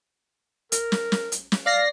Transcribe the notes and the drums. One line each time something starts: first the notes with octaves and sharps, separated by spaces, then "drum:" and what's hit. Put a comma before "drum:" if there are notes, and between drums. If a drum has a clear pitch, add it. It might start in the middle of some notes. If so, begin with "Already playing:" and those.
A#4, drum: hi-hat
drum: snare
drum: snare
drum: hi-hat
drum: snare
D5 F5 A#6 C7